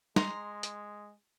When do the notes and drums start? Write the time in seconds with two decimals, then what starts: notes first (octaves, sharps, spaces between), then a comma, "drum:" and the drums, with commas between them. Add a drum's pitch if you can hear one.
0.16 G#3 A#5 C6, drum: snare
0.63 drum: hi-hat